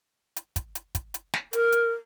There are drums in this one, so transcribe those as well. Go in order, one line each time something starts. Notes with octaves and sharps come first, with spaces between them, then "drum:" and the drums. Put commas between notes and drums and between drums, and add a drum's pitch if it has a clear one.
drum: hi-hat
drum: kick, hi-hat
drum: hi-hat
drum: kick, hi-hat
drum: hi-hat
drum: snare
A#4, drum: hi-hat
drum: hi-hat